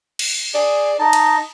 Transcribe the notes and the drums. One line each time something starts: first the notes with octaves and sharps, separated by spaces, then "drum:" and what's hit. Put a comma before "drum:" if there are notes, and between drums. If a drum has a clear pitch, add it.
drum: cymbal
G#4 D5
D#4 A5
drum: cymbal